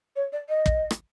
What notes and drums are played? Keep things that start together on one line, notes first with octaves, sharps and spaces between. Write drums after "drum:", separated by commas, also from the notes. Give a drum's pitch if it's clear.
C#5
D5
D#5
drum: kick
drum: rim click